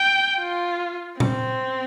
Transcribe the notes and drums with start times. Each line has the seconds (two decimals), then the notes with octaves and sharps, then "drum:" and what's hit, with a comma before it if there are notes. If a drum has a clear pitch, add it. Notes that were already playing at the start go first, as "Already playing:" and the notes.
Already playing: G5
0.39 F4
1.20 C4, drum: tom A#2